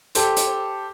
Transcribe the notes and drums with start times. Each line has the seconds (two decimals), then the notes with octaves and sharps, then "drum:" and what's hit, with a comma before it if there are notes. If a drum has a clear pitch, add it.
0.15 G4 A4 C5, drum: hi-hat
0.37 drum: hi-hat